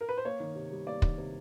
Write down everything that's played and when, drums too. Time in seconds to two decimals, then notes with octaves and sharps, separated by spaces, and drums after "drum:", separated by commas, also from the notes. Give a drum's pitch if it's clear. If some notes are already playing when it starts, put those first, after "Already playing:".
0.01 A#4
0.09 B4
0.17 C5
0.25 A#3 C#5
0.40 D#3
0.55 C3
0.71 G3
0.86 A#3 D5
1.02 D#3, drum: kick
1.18 C3